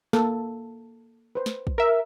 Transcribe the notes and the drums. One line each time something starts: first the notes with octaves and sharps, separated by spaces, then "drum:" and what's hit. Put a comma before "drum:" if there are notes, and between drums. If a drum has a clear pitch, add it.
A#3 A4, drum: snare
B4 C5
drum: snare
drum: kick
A#4 E5